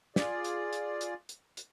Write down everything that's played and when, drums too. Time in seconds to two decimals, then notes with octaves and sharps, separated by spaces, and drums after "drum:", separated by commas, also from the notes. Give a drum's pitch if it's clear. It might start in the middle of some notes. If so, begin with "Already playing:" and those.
0.16 F4 G#4 D5, drum: snare
0.44 drum: hi-hat
0.73 drum: hi-hat
1.01 drum: hi-hat
1.29 drum: hi-hat
1.57 drum: hi-hat